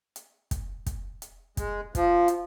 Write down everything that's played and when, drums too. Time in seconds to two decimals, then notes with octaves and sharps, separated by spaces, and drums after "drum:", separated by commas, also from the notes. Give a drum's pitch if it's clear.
0.16 drum: hi-hat
0.51 drum: kick, hi-hat
0.86 drum: kick, hi-hat
1.22 drum: hi-hat
1.57 G#3, drum: kick, hi-hat
1.95 F3, drum: kick, hi-hat
2.28 drum: hi-hat